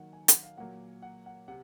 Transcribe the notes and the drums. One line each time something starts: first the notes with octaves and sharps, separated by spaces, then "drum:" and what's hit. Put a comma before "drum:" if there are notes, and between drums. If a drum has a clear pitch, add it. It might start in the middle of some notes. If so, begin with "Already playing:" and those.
Already playing: D#3 F#3 A#3 F#5
G#5
F#5, drum: hi-hat
F5
A#2 F#3 A#3 F#5
F#5
F#5
C3 F#5